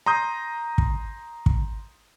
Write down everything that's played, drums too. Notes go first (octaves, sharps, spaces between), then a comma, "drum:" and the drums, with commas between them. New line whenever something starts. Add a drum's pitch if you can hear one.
A#5 C6 D#6 G6
drum: kick
drum: kick